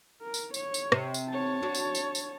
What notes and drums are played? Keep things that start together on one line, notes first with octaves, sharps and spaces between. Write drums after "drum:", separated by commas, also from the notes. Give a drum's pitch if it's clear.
A#4
drum: tambourine
C#5, drum: tambourine
drum: tambourine
C3, drum: rim click
drum: tambourine
C#5 A5
D4 F#4
drum: tambourine
drum: tambourine
drum: tambourine